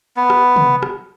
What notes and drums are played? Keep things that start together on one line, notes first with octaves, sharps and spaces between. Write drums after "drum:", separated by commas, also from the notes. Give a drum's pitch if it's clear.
B3
drum: rim click
drum: tom C3
drum: rim click